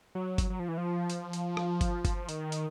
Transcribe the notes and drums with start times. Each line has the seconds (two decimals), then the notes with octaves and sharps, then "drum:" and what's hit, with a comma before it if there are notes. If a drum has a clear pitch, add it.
0.15 F#3
0.38 drum: kick G1, hi-hat
0.50 F#3
0.59 F3
0.68 E3
0.78 F3
1.10 drum: hi-hat
1.33 drum: hi-hat
1.57 drum: rim click
1.81 drum: kick G1, hi-hat
2.05 drum: kick G1, hi-hat
2.29 D#3, drum: hi-hat
2.52 drum: hi-hat